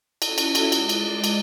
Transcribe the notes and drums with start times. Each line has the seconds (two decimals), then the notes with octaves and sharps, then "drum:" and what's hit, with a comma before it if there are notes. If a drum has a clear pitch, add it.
0.22 C#4 E4 F#4 A4, drum: cymbal
0.38 drum: cymbal
0.55 drum: cymbal
0.72 G#3 D5, drum: cymbal
0.89 drum: cymbal
1.24 drum: cymbal